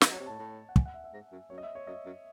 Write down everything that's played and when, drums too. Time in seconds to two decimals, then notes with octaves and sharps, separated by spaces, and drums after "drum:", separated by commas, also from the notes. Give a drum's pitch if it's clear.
0.01 E3 D#5, drum: snare
0.11 F#3
0.14 C#5
0.20 C3
0.26 A2 A5
0.39 A2
0.69 F#5
0.76 G#5, drum: kick
0.86 F#5
0.94 E5
1.04 E5
1.13 G#2
1.32 F#2
1.50 F#2 C#5
1.58 D#5
1.63 E5
1.75 C#5
1.87 F#2 D#5
2.06 F#2